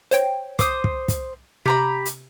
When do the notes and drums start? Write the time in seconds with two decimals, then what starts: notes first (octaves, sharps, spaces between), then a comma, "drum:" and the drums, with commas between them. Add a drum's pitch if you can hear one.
0.11 C5 C#5 G5, drum: hi-hat
0.59 C5 D6 D#6, drum: kick, hi-hat
0.84 drum: kick
1.08 drum: kick, hi-hat
1.66 C3 G4 A#5 B5
2.05 drum: hi-hat